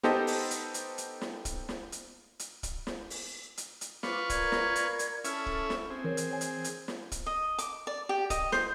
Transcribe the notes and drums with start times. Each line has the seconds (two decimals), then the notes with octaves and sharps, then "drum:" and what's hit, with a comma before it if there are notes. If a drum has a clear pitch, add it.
0.03 B3 D#4 G4 A4 C5 D#5, drum: snare
0.27 drum: open hi-hat
0.51 drum: hi-hat
0.74 drum: hi-hat
0.98 drum: hi-hat
1.21 drum: snare
1.45 drum: kick, hi-hat
1.69 drum: snare
1.92 drum: hi-hat
2.39 drum: hi-hat
2.63 drum: kick, hi-hat
2.87 drum: snare
3.10 drum: open hi-hat
3.57 drum: hi-hat
3.81 drum: hi-hat
4.03 F4 B4 C#6 D6, drum: snare
4.30 A#4 D5 G#6, drum: kick, hi-hat
4.52 drum: snare
4.76 drum: hi-hat
4.99 drum: hi-hat
5.24 C#4 E4 A4 F6, drum: hi-hat
5.46 drum: kick
5.70 drum: snare
5.90 C4 G#4
6.04 E3 A#4 C#5
6.17 drum: hi-hat
6.31 C#5 G#5
6.41 drum: hi-hat
6.64 drum: hi-hat
6.88 drum: snare
7.12 drum: kick, hi-hat
7.26 D#5
7.58 D6, drum: hi-hat
7.87 D5
8.09 G4
8.30 D#5, drum: kick, hi-hat
8.52 C5, drum: snare